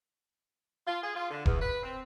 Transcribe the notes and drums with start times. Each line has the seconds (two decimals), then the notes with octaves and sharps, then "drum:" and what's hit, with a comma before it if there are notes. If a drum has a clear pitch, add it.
0.87 F4
1.02 G#4
1.15 F4
1.30 D3
1.46 E2, drum: kick E1
1.61 B4
1.83 C4